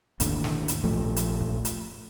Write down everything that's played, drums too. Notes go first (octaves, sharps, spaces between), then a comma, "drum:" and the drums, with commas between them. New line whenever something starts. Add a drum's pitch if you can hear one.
G#1 D#2 A2 D3, drum: hi-hat
drum: snare
drum: hi-hat
A#1 F3 A3
drum: hi-hat
drum: kick
drum: hi-hat